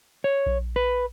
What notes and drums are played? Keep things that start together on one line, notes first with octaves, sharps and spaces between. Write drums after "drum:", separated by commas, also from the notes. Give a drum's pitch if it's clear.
C#5
drum: kick A#1
B4